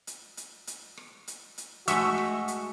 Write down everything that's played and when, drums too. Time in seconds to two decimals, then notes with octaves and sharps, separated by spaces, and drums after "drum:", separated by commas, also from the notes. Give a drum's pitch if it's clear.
0.07 drum: hi-hat
0.37 drum: hi-hat
0.67 drum: hi-hat
0.97 drum: rim click
1.28 drum: hi-hat
1.58 drum: hi-hat
1.88 G#3 A3 F#4 E5 C#6 E6, drum: hi-hat
2.18 drum: rim click
2.48 drum: hi-hat